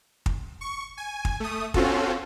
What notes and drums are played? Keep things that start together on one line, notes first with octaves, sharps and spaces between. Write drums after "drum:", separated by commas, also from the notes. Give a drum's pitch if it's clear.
drum: kick
C#6
G#5
drum: kick
A3 D#6
C4 C#4 F4 F#4 A4, drum: kick